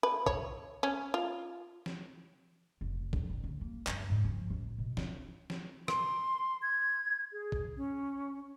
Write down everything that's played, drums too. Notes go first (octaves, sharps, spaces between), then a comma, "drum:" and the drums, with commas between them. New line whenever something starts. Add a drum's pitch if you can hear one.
B4
C#5, drum: kick
C#4
F4
drum: snare
F1
D#4, drum: kick
A1
D2
A#3
G2, drum: clap
G#2
F3
A1
B2
D4, drum: snare
drum: snare
C6, drum: rim click
G#6
G#4
drum: kick
C#4